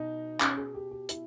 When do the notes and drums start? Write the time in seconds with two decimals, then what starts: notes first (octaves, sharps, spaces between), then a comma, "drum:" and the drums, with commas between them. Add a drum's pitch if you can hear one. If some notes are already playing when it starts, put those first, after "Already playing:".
Already playing: B2 D#4
0.40 C#4, drum: clap
0.57 G#4
0.75 G4
0.91 G4
1.09 E4, drum: hi-hat